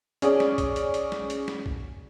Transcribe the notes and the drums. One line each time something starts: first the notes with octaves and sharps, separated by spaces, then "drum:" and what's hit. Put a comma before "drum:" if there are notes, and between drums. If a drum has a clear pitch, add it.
C#4 G#4 D5, drum: hi-hat
drum: snare
drum: kick B1, hi-hat
drum: hi-hat
drum: hi-hat
drum: snare
drum: hi-hat
drum: snare
drum: kick B1